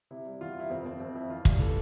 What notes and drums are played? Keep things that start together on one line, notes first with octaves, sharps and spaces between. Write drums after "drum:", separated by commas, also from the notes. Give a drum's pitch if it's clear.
C3 E4
G3
E2 F4
C3 E4
F2 C4
F2 C4
F2 C4
F2 E4
E3 F4
G3, drum: kick
E3 A4